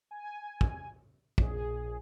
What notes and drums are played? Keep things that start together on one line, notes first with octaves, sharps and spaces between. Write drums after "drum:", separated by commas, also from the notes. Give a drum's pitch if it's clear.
G#5
drum: kick
A#1 G#4, drum: kick